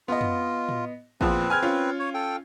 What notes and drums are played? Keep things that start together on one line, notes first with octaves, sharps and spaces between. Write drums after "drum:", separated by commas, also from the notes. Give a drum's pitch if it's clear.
B3 F4 D#5
drum: tom F2
drum: tom
E2 A#2 F3 C4 B4, drum: kick
G#5 F6 G#6
C#4 F4
C#5
A4 G5